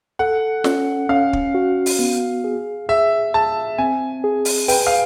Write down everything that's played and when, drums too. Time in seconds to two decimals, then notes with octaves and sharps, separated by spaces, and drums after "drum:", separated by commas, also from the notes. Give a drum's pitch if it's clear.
0.19 A4 F#5
0.64 C#4, drum: snare
1.09 C#4 F5
1.33 drum: kick
1.55 F#4
1.86 drum: open hi-hat
1.99 B3
2.44 G#4
2.89 G#4 E5
3.34 G#4 A5
3.78 C4 G#5
4.24 G#4
4.45 drum: open hi-hat
4.68 B4 G5, drum: open hi-hat
4.87 F5